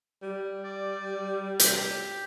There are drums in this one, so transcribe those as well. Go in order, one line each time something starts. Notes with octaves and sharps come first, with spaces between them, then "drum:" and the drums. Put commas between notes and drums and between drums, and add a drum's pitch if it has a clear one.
G3
D5
G4, drum: hi-hat